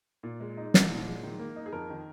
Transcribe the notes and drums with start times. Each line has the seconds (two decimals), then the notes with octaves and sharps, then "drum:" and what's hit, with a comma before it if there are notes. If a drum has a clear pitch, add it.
0.23 A#2
0.40 G#3
0.57 D#4
0.74 C2, drum: snare
0.91 A#2
1.06 G#3
1.23 D#3
1.39 A#3
1.56 D#4
1.66 G#4
1.73 F2 A#4
1.90 D#3